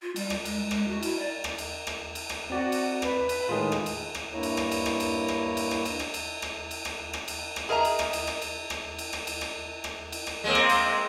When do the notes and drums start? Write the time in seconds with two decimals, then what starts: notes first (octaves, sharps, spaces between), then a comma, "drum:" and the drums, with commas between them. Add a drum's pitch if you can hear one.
0.02 F4
0.16 G3, drum: cymbal
0.30 drum: rim click
0.45 G#3, drum: cymbal
0.71 G#3, drum: rim click
0.88 F#4
1.03 E4, drum: cymbal
1.19 D5
1.44 drum: rim click
1.58 drum: cymbal
1.87 drum: rim click
2.15 drum: cymbal
2.29 drum: rim click
2.50 C4 F#4 D5
2.72 drum: cymbal
3.02 B4, drum: rim click
3.29 drum: cymbal
3.49 A2 D#3 G#3 F4 G#4
3.72 drum: rim click
3.86 drum: cymbal
4.15 drum: rim click
4.33 G2 A#3 E4 C#5 A#5
4.43 drum: cymbal
4.57 drum: rim click
4.71 drum: cymbal
4.86 drum: rim click
5.00 drum: cymbal
5.28 drum: rim click
5.57 drum: cymbal
5.71 drum: rim click
5.85 drum: cymbal
6.00 drum: rim click
6.14 drum: cymbal
6.42 drum: rim click
6.71 drum: cymbal
6.85 drum: rim click
7.13 drum: rim click
7.28 drum: cymbal
7.56 drum: rim click
7.69 G#4 A#4 D#5 E5 A#5
7.85 drum: cymbal
7.99 drum: rim click
8.13 drum: cymbal
8.27 drum: rim click
8.42 drum: cymbal
8.70 drum: rim click
8.99 drum: cymbal
9.13 drum: rim click
9.27 drum: cymbal
9.41 drum: rim click
9.84 drum: rim click
10.12 drum: cymbal
10.27 drum: rim click
10.44 G#3 A#3 C4
10.55 drum: rim click
10.69 drum: cymbal